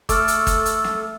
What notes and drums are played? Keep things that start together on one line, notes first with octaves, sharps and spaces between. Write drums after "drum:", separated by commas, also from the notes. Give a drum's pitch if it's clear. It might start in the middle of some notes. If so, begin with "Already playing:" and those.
A3 A4 D6 F6, drum: kick, hi-hat
drum: hi-hat
drum: kick, hi-hat
drum: hi-hat
drum: snare